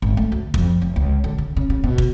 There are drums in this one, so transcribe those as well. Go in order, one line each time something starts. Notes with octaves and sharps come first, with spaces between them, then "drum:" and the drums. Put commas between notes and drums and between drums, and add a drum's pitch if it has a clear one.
G#1
A3
D2
F2, drum: kick
F1
C#2
D3
C#3
C#3
C#3
B2
drum: kick